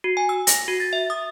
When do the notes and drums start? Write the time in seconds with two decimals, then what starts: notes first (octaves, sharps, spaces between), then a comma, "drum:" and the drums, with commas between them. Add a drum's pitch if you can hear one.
0.04 F#4
0.17 G#5
0.29 E6
0.47 A#6, drum: hi-hat
0.68 F#4
0.80 A6
0.93 E5
1.10 D#6